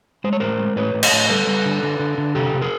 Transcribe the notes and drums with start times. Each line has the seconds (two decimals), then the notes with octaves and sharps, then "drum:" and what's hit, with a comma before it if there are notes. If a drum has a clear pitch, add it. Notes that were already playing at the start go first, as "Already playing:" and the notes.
0.24 G#3 C5
0.33 C#5
0.40 A2 A#4 C5
0.59 G#3
0.76 A2 B4 C#5
0.94 A2
1.03 C#5 D#5, drum: cymbal
1.12 A2
1.29 G3 A4 B4
1.47 G3
1.65 D3
1.83 D3
2.00 D3
2.18 D3
2.35 C3 G4 A4
2.53 C3
2.62 G#4 A#4